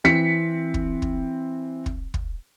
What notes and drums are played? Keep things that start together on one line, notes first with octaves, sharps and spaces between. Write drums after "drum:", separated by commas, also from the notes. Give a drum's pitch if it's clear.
E3 C4 B6 C#7
drum: kick
drum: kick
drum: kick
drum: kick